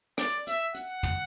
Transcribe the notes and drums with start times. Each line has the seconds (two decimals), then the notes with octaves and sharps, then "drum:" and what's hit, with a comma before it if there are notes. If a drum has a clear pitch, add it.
0.18 D5, drum: rim click
0.47 E5, drum: hi-hat
0.75 F#5, drum: hi-hat
1.03 drum: tom